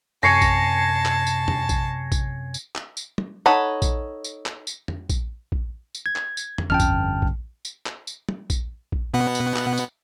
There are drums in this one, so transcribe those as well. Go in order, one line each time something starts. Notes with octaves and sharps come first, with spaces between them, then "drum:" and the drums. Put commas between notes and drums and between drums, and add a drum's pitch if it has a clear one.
F#2 C3 C#5 G#5 A5 A#6 C7 C#7
drum: kick, tambourine
drum: clap
drum: tambourine
drum: tom
drum: kick, tambourine
drum: kick, tambourine
drum: tambourine
drum: clap
drum: tambourine
drum: tom
D#4 A4 C#5 F#5 B5
drum: kick, tambourine
drum: tambourine
drum: clap
drum: tambourine
drum: tom
drum: kick, tambourine
drum: kick
drum: tambourine
G#6
drum: clap
drum: tambourine
drum: tom
G1 F2 C#4 G5 A5 F6
drum: kick, tambourine
drum: kick
drum: tambourine
drum: clap
drum: tambourine
drum: tom
drum: kick, tambourine
drum: kick
B2 B3 F#5
drum: tambourine
drum: clap
drum: tambourine